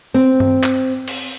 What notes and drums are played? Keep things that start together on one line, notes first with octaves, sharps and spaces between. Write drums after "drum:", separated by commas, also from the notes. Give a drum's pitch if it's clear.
C4
drum: tom G2
drum: clap
drum: cymbal